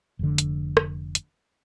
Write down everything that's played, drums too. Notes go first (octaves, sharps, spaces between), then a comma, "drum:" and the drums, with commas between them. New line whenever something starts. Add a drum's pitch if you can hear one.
F1 D3
drum: hi-hat
drum: rim click
drum: hi-hat